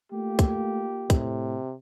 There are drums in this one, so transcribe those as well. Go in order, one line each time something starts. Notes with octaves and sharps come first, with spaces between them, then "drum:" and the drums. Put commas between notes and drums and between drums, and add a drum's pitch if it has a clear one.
A3 A#3 F4 G4
drum: kick, hi-hat
A2 C3, drum: kick, hi-hat